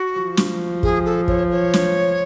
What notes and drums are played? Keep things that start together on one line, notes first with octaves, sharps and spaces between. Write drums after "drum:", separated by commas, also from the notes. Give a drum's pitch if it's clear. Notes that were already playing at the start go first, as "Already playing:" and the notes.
Already playing: F#4
F3
drum: snare
G#4, drum: kick
A4
C#5, drum: kick
C#5
drum: snare